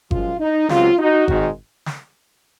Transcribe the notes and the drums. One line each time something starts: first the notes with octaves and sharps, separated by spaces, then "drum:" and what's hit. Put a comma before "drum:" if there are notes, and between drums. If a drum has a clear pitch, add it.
F#2 F3 G#3 F4, drum: kick G1
D#4
C#2 C3 F#3 C4 F4, drum: snare
D#4 F#4
G#1 G#2 D#3 G#3 D#4, drum: kick G1
drum: snare